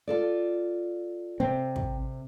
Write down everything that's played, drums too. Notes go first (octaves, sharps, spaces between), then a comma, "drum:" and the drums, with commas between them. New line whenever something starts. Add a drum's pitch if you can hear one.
F4 A4 D5
C3 C4
drum: kick